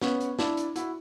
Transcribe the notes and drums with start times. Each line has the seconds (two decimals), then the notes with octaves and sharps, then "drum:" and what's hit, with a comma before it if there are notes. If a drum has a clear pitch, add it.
0.01 B3 C#4, drum: snare
0.20 drum: hi-hat
0.39 D4 E4, drum: snare
0.57 drum: hi-hat
0.76 E4 F#4, drum: hi-hat